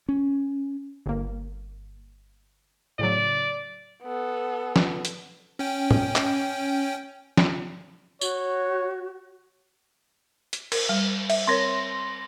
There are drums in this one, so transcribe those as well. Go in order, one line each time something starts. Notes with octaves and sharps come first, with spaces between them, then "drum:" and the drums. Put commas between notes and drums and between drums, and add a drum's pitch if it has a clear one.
C#4
G1 A#3
A2 C#3 F#3 D5
B3 A4
drum: snare F3
drum: hi-hat
C#4 G5
drum: tom
drum: clap
drum: snare F3
F#4 C#5, drum: tambourine
drum: hi-hat
A#4, drum: cymbal
G3
E5, drum: cymbal
C4 A#4 C#5 C6 A#6